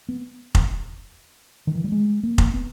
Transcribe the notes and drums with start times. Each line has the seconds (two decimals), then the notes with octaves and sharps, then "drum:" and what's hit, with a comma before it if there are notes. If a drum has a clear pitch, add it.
0.09 B3
0.55 drum: kick F1
1.67 D#3
1.75 E3
1.84 G3
1.92 G#3
2.23 A#3
2.38 drum: kick F1
2.54 B3